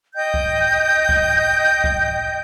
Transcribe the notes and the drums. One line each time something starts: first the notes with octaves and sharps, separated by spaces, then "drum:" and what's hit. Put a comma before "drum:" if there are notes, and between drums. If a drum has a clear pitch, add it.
D#5 G5 G6
drum: kick C#2
drum: kick C#2
drum: kick C#2